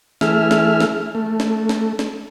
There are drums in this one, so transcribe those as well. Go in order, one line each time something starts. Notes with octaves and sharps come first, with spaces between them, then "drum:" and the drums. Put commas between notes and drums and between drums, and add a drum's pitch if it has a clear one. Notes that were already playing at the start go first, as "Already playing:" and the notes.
E3 A3 G#4 E5 F6, drum: snare
drum: snare
drum: snare
A3
drum: snare
drum: snare
drum: snare